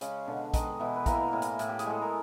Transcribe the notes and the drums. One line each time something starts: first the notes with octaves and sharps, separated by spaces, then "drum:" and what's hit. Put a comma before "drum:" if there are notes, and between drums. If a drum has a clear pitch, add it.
C#3 G#3 C#4, drum: hi-hat
B2 D3 D4
D#3 G#3 D#4, drum: kick, hi-hat
B2 E3 E4
B4
E3 A#3 A#4, drum: kick, hi-hat
A2
drum: hi-hat
A2, drum: hi-hat
G4
G#4, drum: hi-hat
G#3 A4
A#4